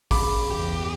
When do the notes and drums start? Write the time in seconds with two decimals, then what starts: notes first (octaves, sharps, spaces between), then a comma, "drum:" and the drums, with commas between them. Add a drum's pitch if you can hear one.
0.11 C#3 B5 D6, drum: kick, open hi-hat
0.50 E2 G4